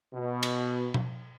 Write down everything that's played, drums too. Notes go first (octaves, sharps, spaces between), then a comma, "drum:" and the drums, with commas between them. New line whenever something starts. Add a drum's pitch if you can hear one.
B2
drum: cymbal
drum: tom B2